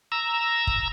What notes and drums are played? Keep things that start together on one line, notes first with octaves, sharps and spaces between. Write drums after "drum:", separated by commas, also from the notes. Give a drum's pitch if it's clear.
A#5 E6
drum: kick